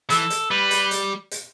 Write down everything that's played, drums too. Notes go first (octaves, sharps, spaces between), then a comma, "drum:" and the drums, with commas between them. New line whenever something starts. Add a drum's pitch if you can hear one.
E3 A4, drum: hi-hat
drum: hi-hat
G3 B4
drum: hi-hat
drum: hi-hat
drum: hi-hat